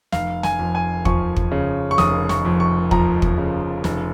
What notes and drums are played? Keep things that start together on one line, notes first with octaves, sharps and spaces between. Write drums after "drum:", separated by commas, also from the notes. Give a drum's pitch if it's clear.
F1 F5, drum: snare
G#5, drum: snare
F2
G#5
F3 C#6, drum: kick
drum: kick
C#3
C#6
F1 D#6, drum: snare
C#6, drum: snare
F2
C#6
F3 A#5, drum: kick
drum: kick
C#3
F1, drum: snare